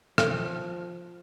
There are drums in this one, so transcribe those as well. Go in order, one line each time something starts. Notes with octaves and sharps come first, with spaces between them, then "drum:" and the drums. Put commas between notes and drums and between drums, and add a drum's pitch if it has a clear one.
F3, drum: rim click